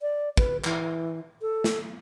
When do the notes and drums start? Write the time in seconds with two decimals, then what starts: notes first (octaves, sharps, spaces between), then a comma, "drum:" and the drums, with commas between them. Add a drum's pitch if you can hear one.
0.01 D5
0.37 B4, drum: kick
0.64 E3, drum: clap
1.42 A4
1.64 drum: snare